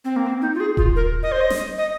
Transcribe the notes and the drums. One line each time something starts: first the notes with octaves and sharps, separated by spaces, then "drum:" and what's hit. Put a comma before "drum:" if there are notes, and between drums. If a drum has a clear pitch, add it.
C4
A#3
C4
D#4
F4
G#4
F4, drum: kick D#1
A#4
D#5
C5
D#5
drum: snare
D#5